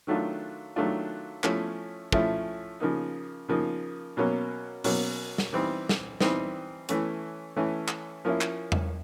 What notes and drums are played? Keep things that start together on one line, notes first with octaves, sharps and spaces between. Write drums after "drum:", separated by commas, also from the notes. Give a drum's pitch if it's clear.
D#3 F#3 A3 D4 F4
D#3 F#3 A3 D4 F4
F3 A3 C#4 E4, drum: clap
F3 A3 C#4 E4, drum: kick
C#3 F3 A#3 D#4
C#3 F3 A#3 D#4
B2 F#3 A#3 C#4
B2 F#3 A#3 C#4, drum: open hi-hat
drum: snare
E3 G3 C4 D#4
drum: snare
E3 G3 C4 D#4, drum: snare
E3 A3 C#4, drum: hi-hat
E3 A3 C#4
drum: clap
F3 A#3 C#4 E4
drum: clap
drum: tom E2